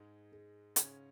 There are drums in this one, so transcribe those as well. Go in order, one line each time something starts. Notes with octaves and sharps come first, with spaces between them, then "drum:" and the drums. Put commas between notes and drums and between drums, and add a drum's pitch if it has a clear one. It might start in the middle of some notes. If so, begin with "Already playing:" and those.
Already playing: G#2 G#3 G#4
G#4
C#3 C#4 G#4, drum: hi-hat